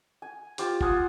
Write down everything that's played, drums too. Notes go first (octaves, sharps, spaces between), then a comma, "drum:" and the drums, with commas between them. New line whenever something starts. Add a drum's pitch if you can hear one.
G#5
F4 G4 C5, drum: hi-hat
F4 F#5 G#5 D#6, drum: kick F#1